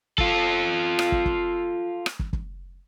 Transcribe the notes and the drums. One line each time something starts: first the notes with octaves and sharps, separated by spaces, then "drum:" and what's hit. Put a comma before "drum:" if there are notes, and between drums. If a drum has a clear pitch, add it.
F4 A4, drum: kick
drum: rim click
drum: kick
drum: kick
drum: rim click
drum: kick
drum: kick